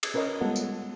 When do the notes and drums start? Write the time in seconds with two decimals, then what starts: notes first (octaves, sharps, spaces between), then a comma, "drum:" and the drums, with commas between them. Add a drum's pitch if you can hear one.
0.03 drum: cymbal
0.14 C#4 A#4 B4 C#5 D#5
0.41 G3 G#3 B3 F4 A4 F#5
0.56 drum: tambourine